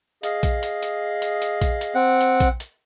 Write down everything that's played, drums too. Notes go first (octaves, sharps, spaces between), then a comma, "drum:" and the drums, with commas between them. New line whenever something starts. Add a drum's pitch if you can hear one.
G#4 D#5 F5, drum: hi-hat
drum: kick A#1, hi-hat
drum: hi-hat
drum: hi-hat
drum: hi-hat
drum: hi-hat
drum: kick A#1, hi-hat
drum: hi-hat
C4 F#5
drum: hi-hat
drum: kick A#1, hi-hat
drum: hi-hat